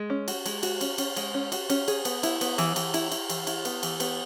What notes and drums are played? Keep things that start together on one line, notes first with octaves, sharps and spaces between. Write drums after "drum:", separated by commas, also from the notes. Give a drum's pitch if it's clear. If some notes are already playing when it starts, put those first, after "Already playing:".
Already playing: G#3
C#4
F#4, drum: cymbal
G#3, drum: cymbal
F#4, drum: cymbal
C#4, drum: cymbal
C#4, drum: cymbal
G#3, drum: cymbal
C#4
F#4, drum: cymbal
C#4, drum: cymbal
G#4, drum: cymbal
B3, drum: cymbal
E4, drum: cymbal
B3, drum: cymbal
E3, drum: cymbal
E3, drum: cymbal
E4, drum: cymbal
E4, drum: cymbal
E3, drum: cymbal
E4, drum: cymbal
B3, drum: cymbal
E3, drum: cymbal
B3, drum: cymbal